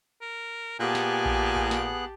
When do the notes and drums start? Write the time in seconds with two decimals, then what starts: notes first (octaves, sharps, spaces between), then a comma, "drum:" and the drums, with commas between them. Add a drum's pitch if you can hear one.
0.22 A#4
0.80 A#2 B3 G4 G#4 G#5 A5 F#6
0.95 drum: snare
1.25 drum: kick A#1
1.56 drum: kick A#1
1.71 drum: snare